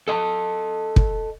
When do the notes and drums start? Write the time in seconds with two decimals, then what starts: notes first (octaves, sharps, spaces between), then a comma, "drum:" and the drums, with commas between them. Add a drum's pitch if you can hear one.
0.08 A4 D#5 G#5 A5
0.96 drum: kick